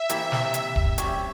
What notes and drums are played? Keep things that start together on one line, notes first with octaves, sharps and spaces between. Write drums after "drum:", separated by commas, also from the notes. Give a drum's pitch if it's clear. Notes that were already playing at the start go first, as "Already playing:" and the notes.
Already playing: E5
C3 E3 A#3 E4, drum: hi-hat
drum: snare
drum: hi-hat
drum: kick D1
C3 G3 C#4, drum: hi-hat